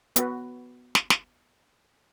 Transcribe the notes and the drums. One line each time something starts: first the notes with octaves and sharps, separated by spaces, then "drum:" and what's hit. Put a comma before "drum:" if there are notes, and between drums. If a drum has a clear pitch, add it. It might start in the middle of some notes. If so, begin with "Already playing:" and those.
B3 F#4 B4, drum: hi-hat
drum: snare
drum: snare